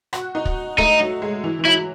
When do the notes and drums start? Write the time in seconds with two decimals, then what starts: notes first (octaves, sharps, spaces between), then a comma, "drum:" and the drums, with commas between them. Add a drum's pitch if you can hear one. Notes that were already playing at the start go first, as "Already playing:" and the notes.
0.13 F#4, drum: rim click
0.35 D#4
0.45 drum: kick
0.78 A3 D#4, drum: kick
1.00 F#3
1.22 G#3
1.44 E3
1.59 E3
1.65 F#3 E4